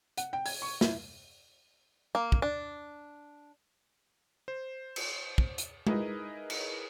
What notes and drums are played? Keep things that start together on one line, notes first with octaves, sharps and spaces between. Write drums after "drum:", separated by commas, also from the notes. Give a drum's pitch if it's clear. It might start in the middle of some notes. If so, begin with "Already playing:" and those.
F#5, drum: hi-hat
G5
G#6, drum: open hi-hat
C#6
E4, drum: snare
A#3
drum: kick
D4
C5
drum: cymbal
drum: kick
drum: hi-hat
D#4 E4 G#4 A#4 B4 D#5, drum: tom G#3
drum: cymbal